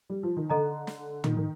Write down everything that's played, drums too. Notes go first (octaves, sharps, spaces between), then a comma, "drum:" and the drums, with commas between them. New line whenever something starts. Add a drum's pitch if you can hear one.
G3
F3
D#3
D3 A4 D#5 A#5
drum: snare
D#3, drum: tom
D#3